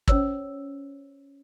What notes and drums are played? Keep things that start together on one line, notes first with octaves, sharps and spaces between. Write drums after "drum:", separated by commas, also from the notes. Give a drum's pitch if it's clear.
C#4 C5 C#5 E6, drum: kick